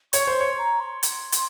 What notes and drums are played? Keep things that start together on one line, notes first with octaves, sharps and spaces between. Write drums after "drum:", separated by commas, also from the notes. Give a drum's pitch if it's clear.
C#5 C#6, drum: hi-hat
C5
C#5 C6
A#5
C6
drum: hi-hat
drum: hi-hat